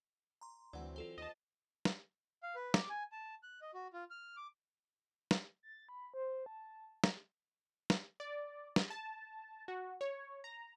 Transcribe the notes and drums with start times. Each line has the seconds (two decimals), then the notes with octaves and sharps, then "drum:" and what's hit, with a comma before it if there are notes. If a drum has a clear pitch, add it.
0.41 A#5 C6
0.73 D2 E3 F#3 C4 D5 F#5
0.96 F4 A4 C5
1.18 D#2 D#5 A5
1.85 drum: snare
2.43 F5
2.55 B4
2.74 D6, drum: snare
2.89 G#5
3.12 A5
3.43 F#6
3.62 D#5
3.74 F#4
3.93 F4
4.10 F6
4.37 D6
5.31 drum: snare
5.63 A6
5.89 B5
6.14 C5
6.46 A5
7.04 drum: snare
7.90 drum: snare
8.20 D5
8.76 drum: snare
8.90 A5
9.68 F#4
10.01 C#5
10.44 A#5